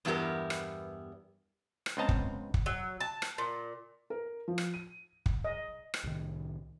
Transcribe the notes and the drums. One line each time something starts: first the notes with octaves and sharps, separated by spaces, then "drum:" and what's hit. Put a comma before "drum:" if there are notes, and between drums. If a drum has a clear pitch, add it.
E2 G2 B3 E4 G4 A#4
drum: rim click
drum: rim click
C#2 B3 C4 D#5 A5 A#5
drum: kick
drum: kick
F#3
A5
drum: rim click
A#2
A#4
F3
drum: rim click
D#7
drum: kick
D#5
drum: rim click
C2 A2 D#3